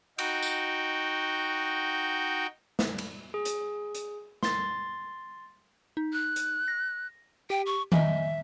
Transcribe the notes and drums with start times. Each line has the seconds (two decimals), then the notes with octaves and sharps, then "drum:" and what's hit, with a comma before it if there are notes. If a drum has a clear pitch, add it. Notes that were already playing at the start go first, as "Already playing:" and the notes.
0.18 D#4 F#4 G5, drum: cymbal
0.42 drum: tambourine
2.79 drum: snare
2.98 drum: cymbal
3.34 G#4
3.45 drum: hi-hat
3.95 drum: hi-hat
4.43 C6 A6, drum: snare
5.97 D#4
6.13 F#6
6.36 drum: hi-hat
6.68 A#6
7.50 G4 G5
7.66 C#6
7.92 D#5 E5 G#5, drum: tom D#3